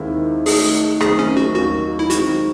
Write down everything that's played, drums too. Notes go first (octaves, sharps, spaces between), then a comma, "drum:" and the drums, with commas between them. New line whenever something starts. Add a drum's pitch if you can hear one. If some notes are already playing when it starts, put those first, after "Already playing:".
Already playing: D#2 D#3 G#3 C4 E4
D#3 A3 D#4 F#4 G#4 A4, drum: open hi-hat
G#1 F#2 D#3 A3 C4 G#4, drum: rim click
C#4
F#4
D#2 D#3 F#3 F#4
E4
D#3 G#3 C4 F#4, drum: hi-hat